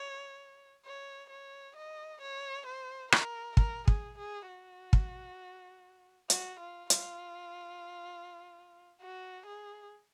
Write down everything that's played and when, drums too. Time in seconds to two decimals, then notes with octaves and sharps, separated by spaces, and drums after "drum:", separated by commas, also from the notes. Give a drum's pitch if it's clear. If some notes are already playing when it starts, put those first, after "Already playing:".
Already playing: C#5
0.86 C#5
1.30 C#5
1.76 D#5
2.21 C#5
2.66 C5
3.12 A#4, drum: rim click
3.57 A#4, drum: kick
3.88 G#4, drum: kick
4.18 G#4
4.47 F#4
4.93 drum: kick
6.30 F#4, drum: hi-hat
6.59 F4
6.90 F4, drum: hi-hat
9.01 F#4
9.46 G#4